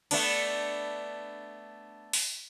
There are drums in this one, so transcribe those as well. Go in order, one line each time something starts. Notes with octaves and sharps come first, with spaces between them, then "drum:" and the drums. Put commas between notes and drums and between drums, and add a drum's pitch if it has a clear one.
A3 B3 D4, drum: cymbal
drum: open hi-hat